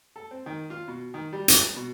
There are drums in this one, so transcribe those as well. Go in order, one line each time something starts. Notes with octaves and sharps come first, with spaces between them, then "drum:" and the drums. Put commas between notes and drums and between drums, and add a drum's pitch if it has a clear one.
A4
C4
D#3
F4
B2
D#3
G3
drum: hi-hat
B2